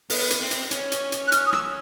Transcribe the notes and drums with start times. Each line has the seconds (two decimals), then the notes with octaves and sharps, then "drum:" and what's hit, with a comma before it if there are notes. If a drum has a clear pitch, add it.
0.10 B3, drum: open hi-hat
0.30 drum: hi-hat
0.41 C4
0.51 drum: hi-hat
0.71 C#4, drum: hi-hat
0.92 drum: hi-hat
1.12 drum: hi-hat
1.27 F#6
1.32 F6, drum: hi-hat
1.46 D#6
1.53 E6, drum: rim click